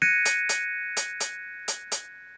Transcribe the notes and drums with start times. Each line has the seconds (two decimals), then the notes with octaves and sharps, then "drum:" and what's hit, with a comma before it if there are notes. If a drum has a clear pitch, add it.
0.02 F#6 G#6 A#6 C#7 D#7
0.25 drum: hi-hat
0.49 drum: hi-hat
0.97 drum: hi-hat
1.20 drum: hi-hat
1.68 drum: hi-hat
1.92 drum: hi-hat